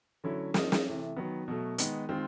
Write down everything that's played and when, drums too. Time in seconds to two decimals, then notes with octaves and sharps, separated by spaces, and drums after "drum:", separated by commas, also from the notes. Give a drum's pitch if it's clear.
0.24 D3 F#3 A3 C#4 E4
0.54 F3 A#3 D#4, drum: snare
0.72 drum: snare
0.85 C3 E3 A3
1.16 D#3 F#3 B3
1.48 B2 F#3 A3
1.78 D#3 G#3 B3 D#4, drum: hi-hat
2.09 D#3 G#3 C4 F4